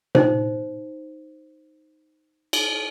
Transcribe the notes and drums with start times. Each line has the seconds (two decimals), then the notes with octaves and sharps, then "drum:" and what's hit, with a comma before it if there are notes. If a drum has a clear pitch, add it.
0.15 D#4 C5, drum: tom A#2
2.53 drum: cymbal